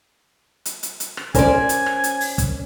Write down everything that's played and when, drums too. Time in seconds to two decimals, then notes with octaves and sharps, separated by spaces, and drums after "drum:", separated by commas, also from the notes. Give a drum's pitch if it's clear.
0.65 drum: hi-hat
0.83 drum: hi-hat
1.00 drum: hi-hat
1.17 drum: rim click
1.35 C#4 A#4 C5 D5 G#5, drum: kick, hi-hat
1.69 drum: hi-hat
1.86 drum: rim click
2.04 drum: hi-hat
2.21 drum: open hi-hat
2.38 drum: kick, hi-hat